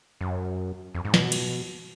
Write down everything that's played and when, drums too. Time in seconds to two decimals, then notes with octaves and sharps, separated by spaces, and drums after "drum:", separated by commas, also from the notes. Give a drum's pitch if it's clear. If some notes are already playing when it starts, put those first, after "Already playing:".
0.21 F#2
0.95 F2
1.05 G#2
1.14 B2, drum: snare
1.32 drum: cymbal